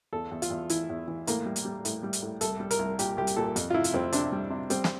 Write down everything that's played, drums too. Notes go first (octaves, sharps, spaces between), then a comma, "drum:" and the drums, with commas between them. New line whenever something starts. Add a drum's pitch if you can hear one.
E2 A4
E2
F4, drum: hi-hat
E2
E3 E4, drum: hi-hat
E2
E3
A2 A#3, drum: hi-hat
G3
drum: hi-hat
G3
A2, drum: hi-hat
G3
drum: hi-hat
A2
C2 A4, drum: hi-hat
G3
A#4, drum: hi-hat
C2
A#2 G4, drum: hi-hat
C2 G4
drum: hi-hat
A#2 A4
F2, drum: hi-hat
F4
C3 E4
drum: hi-hat
F2 C4
C3 D4, drum: hi-hat
G3
C3
G3 C4, drum: hi-hat
drum: snare